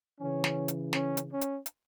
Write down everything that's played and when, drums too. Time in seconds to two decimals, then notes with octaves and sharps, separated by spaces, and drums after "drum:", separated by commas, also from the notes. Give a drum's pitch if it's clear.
0.20 C#3 E3 C#4
0.44 drum: snare
0.68 drum: hi-hat
0.93 C#4, drum: snare
1.17 drum: hi-hat
1.29 C#4
1.41 drum: hi-hat
1.66 drum: hi-hat